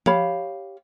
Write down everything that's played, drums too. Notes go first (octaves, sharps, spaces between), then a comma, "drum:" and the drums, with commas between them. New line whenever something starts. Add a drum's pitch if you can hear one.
G4 C#5 F5 B5, drum: tom F3